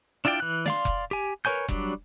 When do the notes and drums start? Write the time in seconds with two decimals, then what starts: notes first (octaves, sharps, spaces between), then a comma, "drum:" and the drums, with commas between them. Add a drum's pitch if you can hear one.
0.25 D4 E4 F4 D5 G5
0.40 E3 F#6
0.66 D5 F5 C6, drum: snare
0.85 drum: kick F1
1.11 G4 G#5
1.45 A#4 B4 C#5 G#5 G6
1.68 F#3 G3 D4, drum: kick F1